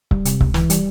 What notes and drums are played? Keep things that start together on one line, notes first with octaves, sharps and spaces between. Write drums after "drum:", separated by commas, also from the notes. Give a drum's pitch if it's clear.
G3, drum: kick C#1
C3, drum: hi-hat
C#2, drum: kick C#1
E3, drum: snare
G3, drum: hi-hat